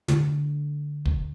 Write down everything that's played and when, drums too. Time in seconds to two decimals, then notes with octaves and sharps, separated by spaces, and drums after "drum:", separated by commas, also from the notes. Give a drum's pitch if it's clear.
0.08 D3, drum: snare
1.05 drum: kick